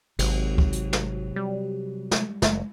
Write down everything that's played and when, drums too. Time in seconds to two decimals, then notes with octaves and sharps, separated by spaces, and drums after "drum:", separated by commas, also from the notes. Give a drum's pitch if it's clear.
0.19 G#1 C3 F#3, drum: cymbal
0.58 drum: kick
0.73 drum: hi-hat
0.93 drum: snare
1.36 G3
2.11 drum: snare
2.42 F#1 F#2, drum: snare